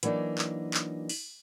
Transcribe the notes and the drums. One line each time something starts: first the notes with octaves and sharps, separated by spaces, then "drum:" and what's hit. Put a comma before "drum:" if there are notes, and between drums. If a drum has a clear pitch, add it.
E3 F#3 A#3 D4 D#4, drum: hi-hat
drum: clap
drum: clap
drum: open hi-hat